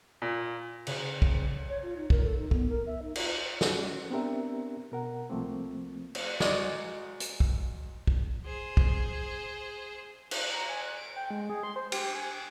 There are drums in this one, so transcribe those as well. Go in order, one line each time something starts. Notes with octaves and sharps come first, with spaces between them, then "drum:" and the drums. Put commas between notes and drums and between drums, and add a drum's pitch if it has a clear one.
A#2
C#3, drum: cymbal
drum: kick
C#5
F4
D#4
A#4, drum: kick
A4
D#4
B3, drum: kick
A#4
E5
D#4
F4, drum: cymbal
C#4 F#4 C#5, drum: snare
B3 C4 D4 G4 A#4 E5
B2 A#4 F#5
C2 F3 A3 A#3 C4
drum: cymbal
G#3 F#4 D5, drum: snare
drum: hi-hat
drum: kick
drum: kick
G#4 C5
drum: kick
drum: cymbal
A#5
G#5
F#6
D7
G5
G#3
G#4
C6
C5
G4, drum: cymbal
G#5
D7